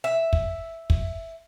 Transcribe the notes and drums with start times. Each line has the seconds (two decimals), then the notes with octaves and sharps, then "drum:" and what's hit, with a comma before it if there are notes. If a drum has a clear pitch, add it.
0.04 E5
0.33 drum: kick
0.90 drum: kick